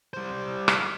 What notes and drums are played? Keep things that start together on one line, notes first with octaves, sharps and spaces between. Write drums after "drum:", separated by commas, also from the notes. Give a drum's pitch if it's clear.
G3 C5
drum: rim click